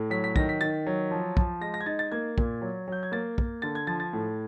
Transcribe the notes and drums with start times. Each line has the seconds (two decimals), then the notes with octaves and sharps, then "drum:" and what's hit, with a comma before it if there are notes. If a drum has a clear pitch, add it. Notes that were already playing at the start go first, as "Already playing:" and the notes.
Already playing: A2
0.10 F#3 B6
0.24 B6
0.36 D#3 A#6, drum: kick
0.49 B6
0.61 D#3 A6
0.86 F#3
1.11 F3
1.37 F3, drum: kick
1.61 G#3 A#6
1.74 A#6
1.81 G#6
1.86 D#4 A6
1.99 A6
2.12 A#3 G#6
2.38 A#2, drum: kick
2.62 F#3
2.88 F#3 G6
3.03 G#6
3.12 A#3 A6
3.38 A#3, drum: kick
3.62 D3 A6
3.75 G#6
3.87 F3 A6
4.00 A6
4.13 A2